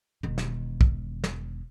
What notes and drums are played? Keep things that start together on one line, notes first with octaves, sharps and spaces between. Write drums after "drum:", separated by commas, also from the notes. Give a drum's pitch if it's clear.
E1 D#3
drum: snare
drum: kick
drum: snare